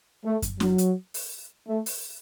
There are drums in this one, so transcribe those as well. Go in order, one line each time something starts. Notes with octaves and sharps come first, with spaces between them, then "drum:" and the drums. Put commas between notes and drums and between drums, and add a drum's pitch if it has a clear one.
A3
drum: kick F#2, hi-hat
F#3, drum: snare
drum: hi-hat
drum: open hi-hat
A3
drum: open hi-hat